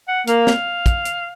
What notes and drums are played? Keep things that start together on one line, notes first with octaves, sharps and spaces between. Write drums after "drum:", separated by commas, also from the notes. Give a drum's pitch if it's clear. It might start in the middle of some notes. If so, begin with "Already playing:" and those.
F#5
A#3 F5, drum: hi-hat
drum: snare
drum: kick, hi-hat
drum: hi-hat